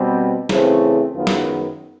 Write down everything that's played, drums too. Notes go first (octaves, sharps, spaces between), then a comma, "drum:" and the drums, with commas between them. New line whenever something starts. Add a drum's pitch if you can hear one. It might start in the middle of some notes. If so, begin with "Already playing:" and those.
Already playing: B2 G3 C4
C#3 E3 A3 C4, drum: snare
F#2 D#3 G#3 B3 F4
drum: snare